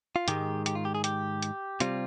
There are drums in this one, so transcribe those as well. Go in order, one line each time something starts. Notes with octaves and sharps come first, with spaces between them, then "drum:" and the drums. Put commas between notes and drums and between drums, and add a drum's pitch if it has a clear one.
F4
G#2 D#3 G#3 G4, drum: hi-hat
G4, drum: hi-hat
F4
G4
G#4
G4, drum: hi-hat
drum: hi-hat
C3 G3 C4 F4, drum: hi-hat